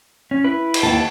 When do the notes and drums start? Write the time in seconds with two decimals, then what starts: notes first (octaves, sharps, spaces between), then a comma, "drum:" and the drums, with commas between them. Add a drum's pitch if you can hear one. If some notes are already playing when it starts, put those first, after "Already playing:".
0.31 C#4
0.44 E4 B4
0.74 drum: cymbal
0.83 D#2 A5